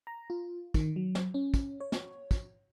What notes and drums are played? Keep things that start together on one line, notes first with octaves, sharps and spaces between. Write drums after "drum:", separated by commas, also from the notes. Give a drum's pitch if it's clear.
A#5
F4
D#3, drum: kick, tambourine
F#3
drum: snare
C#4
drum: kick, tambourine
C#5
drum: snare
drum: kick, tambourine